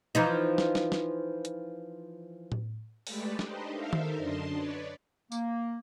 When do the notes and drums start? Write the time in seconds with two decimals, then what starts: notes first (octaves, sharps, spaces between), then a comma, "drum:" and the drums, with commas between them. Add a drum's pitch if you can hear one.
0.15 E3 F3 D#4
0.58 drum: snare
0.75 drum: snare
0.92 drum: snare
1.45 drum: hi-hat
2.52 drum: tom A2
3.07 G#3 A3 G4 A4 B4 D5, drum: open hi-hat
3.39 D4 D#4 G4 B4 C5 D#5, drum: snare
3.69 D#4 A4 A#4 C5 E5 F5
3.93 drum: tom D#3
4.17 F#2 D3 D4 D#5 A5 C6
4.53 B4 C#5 D5
5.32 A#3, drum: tambourine